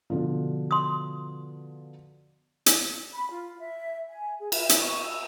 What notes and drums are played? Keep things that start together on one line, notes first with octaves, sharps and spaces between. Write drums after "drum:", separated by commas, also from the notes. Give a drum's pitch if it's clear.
B2 D3 F3
C6 D#6
drum: hi-hat
B5
F4
E5
G#5
G#4
E5, drum: cymbal
drum: hi-hat
C#6
E6